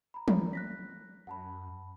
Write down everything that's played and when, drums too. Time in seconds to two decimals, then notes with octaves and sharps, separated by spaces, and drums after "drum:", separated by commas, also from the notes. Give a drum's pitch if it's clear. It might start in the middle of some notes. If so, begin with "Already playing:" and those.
0.14 A#5 B5
0.28 drum: tom
0.53 F#6 A#6 B6
1.27 F#2 F#5 A5 B5